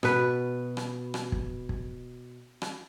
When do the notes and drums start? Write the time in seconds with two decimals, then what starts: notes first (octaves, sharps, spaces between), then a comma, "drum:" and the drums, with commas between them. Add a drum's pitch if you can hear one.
0.03 B2 B4, drum: rim click
0.77 drum: rim click
1.14 drum: rim click
1.32 drum: kick
1.69 drum: kick
2.62 drum: rim click